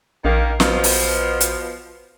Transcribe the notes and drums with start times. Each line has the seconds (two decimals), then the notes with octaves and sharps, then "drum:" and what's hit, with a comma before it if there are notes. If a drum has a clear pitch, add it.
0.25 A#1 D#3 A#3
0.60 B2 F3, drum: snare
0.84 drum: open hi-hat
1.41 drum: hi-hat